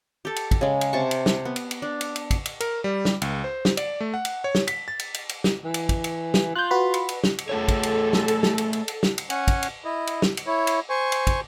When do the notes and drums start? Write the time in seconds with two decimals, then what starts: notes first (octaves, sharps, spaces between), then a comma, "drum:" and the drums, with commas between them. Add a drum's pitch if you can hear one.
0.25 G4 A4
0.36 drum: cymbal
0.51 drum: kick, cymbal
0.61 C#3 G#3
0.81 drum: cymbal
0.93 C3 A5 C#6
1.11 drum: cymbal
1.26 drum: snare
1.45 B3
1.56 drum: cymbal
1.71 drum: cymbal
1.82 D4
2.01 drum: cymbal
2.16 drum: cymbal
2.31 drum: kick, cymbal
2.46 drum: cymbal
2.60 A#4, drum: cymbal
2.84 G3
3.05 drum: snare
3.22 C#2, drum: cymbal
3.44 C5
3.65 drum: snare
3.77 D5, drum: cymbal
4.00 A3
4.14 F#5
4.25 drum: cymbal
4.44 C#5
4.55 drum: snare
4.67 B6, drum: cymbal
4.88 A6
4.99 drum: cymbal
5.14 drum: cymbal
5.29 drum: cymbal
5.44 drum: snare
5.65 E3
5.74 drum: cymbal
5.89 drum: kick, cymbal
6.04 drum: cymbal
6.34 drum: snare
6.56 F4 F#6 G6
6.71 F#4 B4 B5
6.94 drum: cymbal
7.09 drum: cymbal
7.24 drum: snare
7.38 drum: cymbal
7.49 A3 G#4 A4 C#5
7.68 drum: kick, cymbal
7.83 drum: cymbal
8.13 drum: snare
8.28 drum: cymbal
8.43 drum: snare
8.58 drum: cymbal
8.73 drum: cymbal
8.88 drum: cymbal
9.03 drum: snare
9.18 drum: cymbal
9.30 C#4 F#5 G#5, drum: cymbal
9.48 drum: kick, cymbal
9.63 drum: cymbal
9.85 E4 D#5
10.07 drum: cymbal
10.22 drum: snare
10.37 drum: cymbal
10.46 E4 C#5
10.67 drum: cymbal
10.90 C5 G#5 C#6
11.12 drum: cymbal
11.27 drum: kick, cymbal